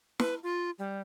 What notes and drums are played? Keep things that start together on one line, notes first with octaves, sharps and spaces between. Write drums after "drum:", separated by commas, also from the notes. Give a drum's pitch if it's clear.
B4, drum: snare
F4
G3